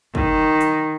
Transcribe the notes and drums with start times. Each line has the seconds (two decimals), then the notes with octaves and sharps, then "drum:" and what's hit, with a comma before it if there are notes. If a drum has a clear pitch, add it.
0.15 D#3, drum: kick
0.61 drum: hi-hat